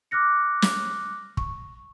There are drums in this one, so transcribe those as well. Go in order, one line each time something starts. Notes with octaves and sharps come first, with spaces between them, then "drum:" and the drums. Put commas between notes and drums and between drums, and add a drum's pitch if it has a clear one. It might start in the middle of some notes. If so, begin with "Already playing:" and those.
D6 F6 F#6 A#6 C#7
drum: snare
C#6, drum: kick